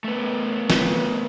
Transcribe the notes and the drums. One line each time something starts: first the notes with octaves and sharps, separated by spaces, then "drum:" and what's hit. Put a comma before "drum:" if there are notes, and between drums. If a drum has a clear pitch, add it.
A3 B3
drum: snare